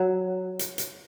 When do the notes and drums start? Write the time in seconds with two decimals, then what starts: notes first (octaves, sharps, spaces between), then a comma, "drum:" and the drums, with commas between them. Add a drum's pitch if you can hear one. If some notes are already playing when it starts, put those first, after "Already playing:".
Already playing: F#3
0.59 drum: hi-hat
0.78 drum: hi-hat